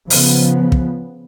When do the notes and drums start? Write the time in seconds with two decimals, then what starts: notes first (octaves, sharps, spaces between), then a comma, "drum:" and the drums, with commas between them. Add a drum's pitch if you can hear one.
0.10 C#3 F3 B3, drum: open hi-hat
0.72 drum: kick